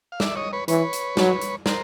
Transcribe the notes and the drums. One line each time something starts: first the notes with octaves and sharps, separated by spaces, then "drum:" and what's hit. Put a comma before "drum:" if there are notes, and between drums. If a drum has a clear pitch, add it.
F5
D5 E5, drum: snare
C#5 D#5
B4 C#5
E3 B4 C#5, drum: hi-hat
drum: hi-hat
F#3, drum: snare
drum: hi-hat
A#4 C5, drum: snare